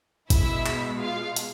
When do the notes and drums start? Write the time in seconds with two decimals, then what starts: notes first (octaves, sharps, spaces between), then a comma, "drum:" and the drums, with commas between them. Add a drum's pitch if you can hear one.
0.30 B2 G#3 E4 E5, drum: kick G#1, hi-hat
0.66 drum: clap
1.01 F4 F5
1.36 drum: hi-hat